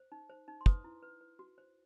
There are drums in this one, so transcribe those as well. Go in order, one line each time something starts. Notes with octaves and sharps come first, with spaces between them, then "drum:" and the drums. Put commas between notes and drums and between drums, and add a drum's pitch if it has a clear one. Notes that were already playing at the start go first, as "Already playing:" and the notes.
Already playing: C5
D#4
C5
D#4
C6
B4 D#6, drum: kick
E4
B4
B4
F#4
C5